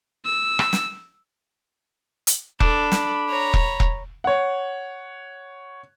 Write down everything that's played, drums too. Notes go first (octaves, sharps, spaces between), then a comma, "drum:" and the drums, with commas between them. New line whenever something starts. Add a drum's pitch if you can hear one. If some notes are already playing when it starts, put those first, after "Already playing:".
E6
drum: rim click
drum: snare
drum: hi-hat
D4 A4 B5, drum: kick E1
drum: snare
C#5 A#5
drum: kick E1
drum: kick E1
C#5 F#5